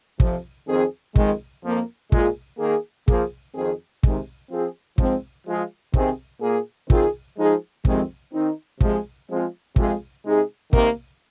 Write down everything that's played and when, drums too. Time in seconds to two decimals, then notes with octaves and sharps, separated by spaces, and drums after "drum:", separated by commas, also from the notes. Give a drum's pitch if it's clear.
0.20 F2 C3 F3, drum: kick
0.67 F2 D#3 C4 G#4
1.16 F2 D#3 G#3, drum: kick
1.63 F2 F3 A#3
2.12 A#2 G#3 F4 G#4, drum: kick
2.59 D#3 A#3 G#4
3.08 F3 A#3 G#4, drum: kick
3.55 F2 D#3 C4 G#4
4.03 C3 D#3 G#3, drum: kick
4.50 F3 C4 F4 G#4
4.98 G#2 F3 G#3 C4, drum: kick
5.46 F3 G#3 F4 G#4
5.94 C3 D#3 C4 G#4, drum: kick
6.41 A#2 A#3 G#4
6.90 D#3 C4 F4 G#4, drum: kick
7.37 F3 G#3 D#4 G#4
7.85 F2 C3 D#3 G#3 C4, drum: kick
8.34 D#3 C4 D#4
8.81 C3 F3 G#3, drum: kick
9.29 F3 G#3 C4 F4 G#4
9.76 F2 C3 G#3 F4 G#4, drum: kick
10.25 C3 G#3 D#4 G#4
10.73 C3 D#3 A#3, drum: kick